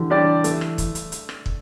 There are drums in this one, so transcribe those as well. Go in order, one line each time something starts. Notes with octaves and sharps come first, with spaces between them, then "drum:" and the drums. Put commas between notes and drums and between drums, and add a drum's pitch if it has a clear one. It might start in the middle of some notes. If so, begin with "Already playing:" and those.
Already playing: D3 E3 G3
G3 D4 G4 D5
A3, drum: hi-hat
drum: rim click
drum: kick, hi-hat
drum: hi-hat
drum: hi-hat
drum: rim click
drum: kick